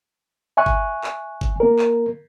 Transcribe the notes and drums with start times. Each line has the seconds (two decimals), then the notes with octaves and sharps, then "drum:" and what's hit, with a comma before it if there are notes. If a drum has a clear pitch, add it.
0.57 E5 G#5 C#6 F#6
0.66 drum: kick G1
1.04 drum: clap
1.41 drum: kick G1
1.60 A#3 A#4
1.79 drum: clap